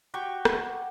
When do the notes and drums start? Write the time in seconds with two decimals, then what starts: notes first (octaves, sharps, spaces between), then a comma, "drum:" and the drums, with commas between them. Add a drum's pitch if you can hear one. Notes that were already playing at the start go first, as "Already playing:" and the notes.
0.14 F#4 G4 G5 C#6
0.45 drum: rim click